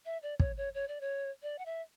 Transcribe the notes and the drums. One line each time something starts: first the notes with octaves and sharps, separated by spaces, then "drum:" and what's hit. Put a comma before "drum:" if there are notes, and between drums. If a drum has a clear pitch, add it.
E5
D5
C#5, drum: kick
C#5
C#5
D5
C#5
D5
F#5
E5